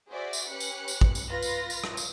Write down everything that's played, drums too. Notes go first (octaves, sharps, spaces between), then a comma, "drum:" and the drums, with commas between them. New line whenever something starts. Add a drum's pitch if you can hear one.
F#4 G#4 C5 D5 E5
drum: tambourine
C#4 G4 B4 F#6 C#7
drum: tambourine
drum: tambourine
drum: kick
drum: tambourine
F4 B4 A#6
drum: tambourine
drum: tambourine
drum: rim click
drum: tambourine